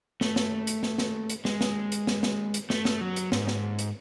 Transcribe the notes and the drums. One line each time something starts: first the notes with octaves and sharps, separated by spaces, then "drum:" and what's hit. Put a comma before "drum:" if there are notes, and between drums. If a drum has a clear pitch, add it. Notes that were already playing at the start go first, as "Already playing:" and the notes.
A3, drum: snare
drum: snare
drum: hi-hat
drum: snare
drum: snare
drum: hi-hat
G#3, drum: snare
drum: snare
drum: hi-hat
drum: snare
drum: snare
drum: hi-hat
A3, drum: snare
drum: snare
F#3
drum: hi-hat
G#2, drum: snare
drum: snare
drum: hi-hat